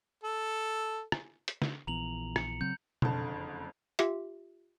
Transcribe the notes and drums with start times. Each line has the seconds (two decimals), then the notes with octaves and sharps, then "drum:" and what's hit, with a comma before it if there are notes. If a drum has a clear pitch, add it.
0.24 A4
1.12 drum: rim click
1.48 drum: hi-hat
1.62 drum: snare
1.87 A#1 E3 B3 A#5 F7 F#7
2.36 C#7, drum: rim click
2.61 C#3 F#3 C4 G6
3.02 F#1 F2 D3 A5, drum: tom B2
3.99 F4 G4 E5, drum: hi-hat